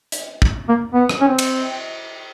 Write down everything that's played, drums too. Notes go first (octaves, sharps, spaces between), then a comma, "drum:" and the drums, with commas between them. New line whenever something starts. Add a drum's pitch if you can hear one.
drum: hi-hat
drum: kick
A#3
B3
drum: rim click
C#4
C4
drum: cymbal